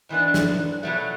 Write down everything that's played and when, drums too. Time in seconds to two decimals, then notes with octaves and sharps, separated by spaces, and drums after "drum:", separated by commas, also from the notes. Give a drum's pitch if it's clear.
0.09 G#2 E3 B3 D4
0.34 drum: snare
0.83 B2 F#3 A3